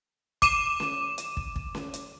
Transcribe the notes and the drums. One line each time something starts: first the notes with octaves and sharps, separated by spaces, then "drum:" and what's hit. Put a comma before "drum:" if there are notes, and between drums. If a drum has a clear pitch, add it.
D6 D#7 E7, drum: kick, hi-hat
drum: snare C#4
drum: hi-hat
drum: kick
drum: kick
drum: snare C#4
drum: hi-hat